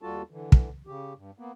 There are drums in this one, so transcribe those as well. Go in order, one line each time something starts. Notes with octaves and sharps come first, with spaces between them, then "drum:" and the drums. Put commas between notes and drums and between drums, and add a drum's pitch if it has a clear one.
D#2 G3 F4 F#4 A4 A5
D3 E3
drum: kick
C#3 G4
G2
A#3 B3